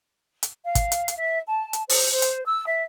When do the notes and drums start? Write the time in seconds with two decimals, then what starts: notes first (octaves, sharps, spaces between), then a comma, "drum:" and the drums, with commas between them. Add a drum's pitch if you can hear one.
0.43 drum: hi-hat
0.65 F5
0.75 drum: kick, hi-hat
0.92 drum: hi-hat
1.08 drum: hi-hat
1.18 E5
1.49 A5
1.73 drum: hi-hat
1.89 C5, drum: open hi-hat
2.12 C5
2.22 drum: hi-hat
2.46 E6
2.67 E5